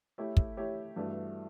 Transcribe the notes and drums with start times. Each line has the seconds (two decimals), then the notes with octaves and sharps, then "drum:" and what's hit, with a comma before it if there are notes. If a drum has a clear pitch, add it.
0.18 A3 E4 G4 C#5 E5
0.37 drum: kick
0.57 A3 E4 G4 C#5 E5
0.96 G2 E3 A3 D4 F#4